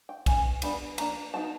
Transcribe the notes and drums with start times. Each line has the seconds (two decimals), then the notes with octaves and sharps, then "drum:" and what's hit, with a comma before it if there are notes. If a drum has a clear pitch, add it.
0.09 G5
0.26 G#3 C#4 G#5, drum: kick B1, cymbal
0.62 E3 G3 B3 D4 B5, drum: cymbal
0.98 F3 A#3 D4 A#5, drum: cymbal
1.34 F#3 B3 D#4 A5